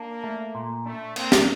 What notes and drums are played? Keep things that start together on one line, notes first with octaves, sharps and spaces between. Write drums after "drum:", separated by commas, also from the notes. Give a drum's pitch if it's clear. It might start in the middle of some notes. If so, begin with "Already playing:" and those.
Already playing: A#3 D4
A3
A#2
A3 D4
A#3 C4, drum: cymbal
drum: snare